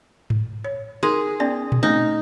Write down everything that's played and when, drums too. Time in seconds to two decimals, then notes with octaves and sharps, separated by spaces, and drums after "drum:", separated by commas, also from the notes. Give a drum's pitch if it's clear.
0.30 drum: tom G#2
0.65 C#5
1.03 D#4 G#4 A#4 C6
1.40 B3 C#4 D5
1.72 drum: tom A#2
1.83 A3 C4 C#4 D#4